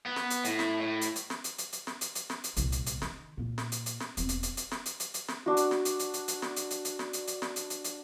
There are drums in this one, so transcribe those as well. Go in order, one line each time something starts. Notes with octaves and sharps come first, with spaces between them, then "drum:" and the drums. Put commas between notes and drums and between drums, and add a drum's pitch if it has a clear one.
B3
drum: snare
drum: hi-hat
A2, drum: hi-hat
drum: snare
A2
drum: hi-hat
drum: hi-hat
drum: snare
drum: hi-hat
drum: hi-hat
drum: hi-hat
drum: snare
drum: hi-hat
drum: hi-hat
drum: snare
drum: hi-hat
C2 A#2, drum: hi-hat
drum: hi-hat
drum: hi-hat
D#3, drum: snare
A#2 A#3
drum: snare
drum: hi-hat
drum: hi-hat
drum: snare
E1 C4, drum: hi-hat
drum: hi-hat
drum: hi-hat
drum: hi-hat
drum: snare
drum: hi-hat
drum: hi-hat
drum: hi-hat
drum: snare
D4 F#4
drum: hi-hat
drum: snare
drum: hi-hat
drum: hi-hat
drum: hi-hat
drum: hi-hat
drum: snare
drum: hi-hat
drum: hi-hat
drum: hi-hat
drum: snare
drum: hi-hat
drum: hi-hat
drum: snare
drum: hi-hat
drum: hi-hat
drum: hi-hat